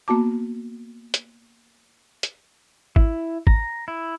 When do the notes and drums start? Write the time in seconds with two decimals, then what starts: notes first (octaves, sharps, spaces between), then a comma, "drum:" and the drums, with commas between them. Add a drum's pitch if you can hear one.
0.08 A#3 B3 F#4 A5 D6
1.14 drum: hi-hat
2.23 drum: hi-hat
2.96 E4, drum: kick G#1
3.47 A#5, drum: kick G#1
3.88 E4